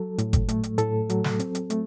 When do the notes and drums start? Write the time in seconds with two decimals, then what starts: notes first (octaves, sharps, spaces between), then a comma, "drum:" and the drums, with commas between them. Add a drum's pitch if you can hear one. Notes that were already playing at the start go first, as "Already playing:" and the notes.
Already playing: F#3 A4
0.18 A2, drum: hi-hat
0.33 drum: kick G1, hi-hat
0.49 A3, drum: hi-hat
0.63 drum: hi-hat
0.78 A2 A4, drum: hi-hat
1.10 F#3, drum: hi-hat
1.24 drum: snare
1.39 C4, drum: hi-hat
1.55 drum: hi-hat
1.70 A3, drum: hi-hat